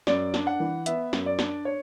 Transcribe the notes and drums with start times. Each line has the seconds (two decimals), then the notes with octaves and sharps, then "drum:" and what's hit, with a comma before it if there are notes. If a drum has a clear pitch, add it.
0.07 F#2 D5, drum: snare
0.34 D4, drum: snare
0.47 F#5
0.60 E3
0.86 B3 E5, drum: hi-hat
1.13 F#2, drum: snare
1.26 D5
1.39 D4, drum: snare
1.65 C#5